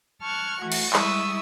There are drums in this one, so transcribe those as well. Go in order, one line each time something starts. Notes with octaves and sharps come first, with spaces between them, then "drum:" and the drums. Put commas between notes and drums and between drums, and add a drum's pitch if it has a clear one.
A5 C#6 F6 F#6 G#6
E3 A3 F#4
drum: cymbal
G3 G#3 E4 C#6 D#6 E6, drum: clap